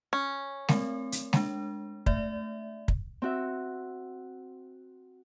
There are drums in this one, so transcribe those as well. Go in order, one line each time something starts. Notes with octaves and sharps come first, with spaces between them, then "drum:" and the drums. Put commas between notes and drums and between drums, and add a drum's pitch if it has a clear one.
C#4
A3 C4 A#4, drum: snare G#3
drum: hi-hat
G#3 D4, drum: snare G#3
A3 D5 E5, drum: kick
drum: kick
C4 F#4 E5